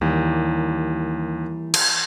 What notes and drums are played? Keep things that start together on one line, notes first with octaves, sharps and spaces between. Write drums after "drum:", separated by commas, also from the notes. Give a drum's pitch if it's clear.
D#2 E3 G3 A#3
drum: cymbal